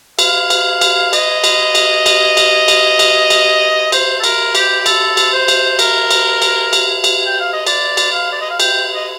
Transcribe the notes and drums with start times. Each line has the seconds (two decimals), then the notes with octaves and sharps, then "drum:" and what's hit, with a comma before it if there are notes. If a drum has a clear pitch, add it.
0.19 F5, drum: cymbal
0.50 drum: cymbal
0.81 drum: cymbal
1.13 D#5, drum: cymbal
1.44 drum: cymbal
1.75 drum: cymbal
2.06 drum: cymbal
2.37 drum: cymbal
2.68 drum: cymbal
2.99 drum: cymbal
3.30 drum: cymbal
3.92 C5, drum: cymbal
4.19 A4
4.24 A#4, drum: cymbal
4.55 G4, drum: cymbal
4.81 G4
4.86 A4, drum: cymbal
5.17 drum: cymbal
5.33 C5
5.48 drum: cymbal
5.79 A#4, drum: cymbal
6.11 drum: cymbal
6.42 drum: cymbal
6.73 drum: cymbal
7.04 drum: cymbal
7.26 G5
7.39 F5
7.53 D#5
7.67 D5, drum: cymbal
7.97 drum: cymbal
8.13 F5
8.32 D5
8.41 D#5
8.50 F5
8.60 G5, drum: cymbal
8.94 D#5